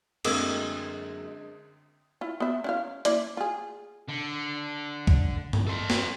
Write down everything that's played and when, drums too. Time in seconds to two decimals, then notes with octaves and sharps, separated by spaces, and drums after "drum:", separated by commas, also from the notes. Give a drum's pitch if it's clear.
0.25 F#2 D3 G#3 A#3 C4 E6, drum: cymbal
2.21 E4 F4
2.40 B3 E5
2.64 C#4 E4 F5
3.05 A#3 E4 D5, drum: hi-hat
3.37 F4 G#4
4.09 D3
5.07 drum: kick C#2
5.53 drum: tom G2
5.67 A4 C5
5.90 drum: snare